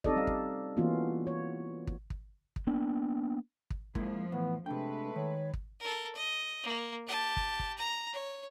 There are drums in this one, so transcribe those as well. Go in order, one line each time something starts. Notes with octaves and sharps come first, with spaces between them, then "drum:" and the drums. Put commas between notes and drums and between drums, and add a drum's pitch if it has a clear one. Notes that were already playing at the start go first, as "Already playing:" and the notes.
C4 D#4 G4 A4 D5 D#5, drum: kick
G3 C#4 F5
drum: kick
E3 A#3 B3 C#4 F4 F#4
C#5
drum: kick
drum: kick
drum: kick
A#3 B3 D4
drum: kick
F2 F3 G#3 A#3 E4, drum: kick
A2 E3 B3
C3 G#3 A3 D4 B4 G5
D#3 C#5
drum: kick
A4 A#4
D#5
A#3
G4 A5
drum: kick
drum: kick
A#5
C#5